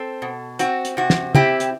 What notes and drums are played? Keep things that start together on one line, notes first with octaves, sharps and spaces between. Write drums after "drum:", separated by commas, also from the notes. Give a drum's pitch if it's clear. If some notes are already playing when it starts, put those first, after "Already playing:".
Already playing: C4 A4
B2
C4 F#4, drum: hi-hat
drum: hi-hat
C3 F#4
drum: snare
C4 E4 G4, drum: tom
drum: hi-hat